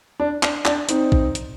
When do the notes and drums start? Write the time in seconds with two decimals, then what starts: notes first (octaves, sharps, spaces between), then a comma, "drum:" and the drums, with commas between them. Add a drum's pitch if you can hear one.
0.20 D4
0.43 D4, drum: clap
0.65 D4, drum: clap
0.89 C4 D#4, drum: hi-hat
1.12 drum: kick
1.35 drum: hi-hat